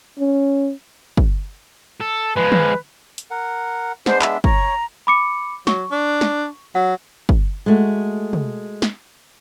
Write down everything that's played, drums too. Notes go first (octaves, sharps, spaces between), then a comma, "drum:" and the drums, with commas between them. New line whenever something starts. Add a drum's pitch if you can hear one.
C#4
drum: kick
A4
F3 G#3 B4
drum: tom
drum: hi-hat
A#4 F#5
G#3 B3 D4 C5, drum: snare
E5, drum: clap
C#5 A#5, drum: kick
B5 D6 C#7
F#3 C#6, drum: snare
D4
drum: snare
F#3 F#5
drum: kick
G#3 A3 F#4
drum: tom
drum: snare